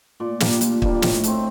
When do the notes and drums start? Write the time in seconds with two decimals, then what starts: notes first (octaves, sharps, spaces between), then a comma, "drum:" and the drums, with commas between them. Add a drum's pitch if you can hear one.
0.20 A#2 D5
0.40 G3 A#3 D4, drum: snare
0.61 A#2, drum: hi-hat
0.82 G3 A#3 D4, drum: kick
0.95 D5
1.02 A2 D#5, drum: snare
1.24 A3 C4, drum: hi-hat